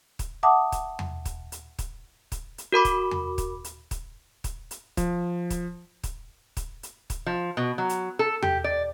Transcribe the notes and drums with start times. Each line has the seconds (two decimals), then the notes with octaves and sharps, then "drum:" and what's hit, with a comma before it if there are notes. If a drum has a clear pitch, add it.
0.19 drum: kick, hi-hat
0.43 E5 F#5 A5 D6 D#6
0.72 drum: kick, hi-hat
0.99 drum: tom E2
1.25 drum: kick, hi-hat
1.52 drum: hi-hat
1.79 drum: kick, hi-hat
2.32 drum: kick, hi-hat
2.58 drum: hi-hat
2.72 F#4 A#4 B5 D6
2.85 drum: kick, hi-hat
3.11 drum: tom E2
3.38 drum: kick, hi-hat
3.64 drum: hi-hat
3.91 drum: kick, hi-hat
4.44 drum: kick, hi-hat
4.71 drum: hi-hat
4.97 F3, drum: kick, hi-hat
5.50 drum: kick, hi-hat
6.04 drum: kick, hi-hat
6.57 drum: kick, hi-hat
6.83 drum: hi-hat
7.10 drum: kick, hi-hat
7.26 F3
7.57 B2
7.78 F#3
7.89 drum: hi-hat
8.19 A4
8.42 G4, drum: tom E2
8.64 D5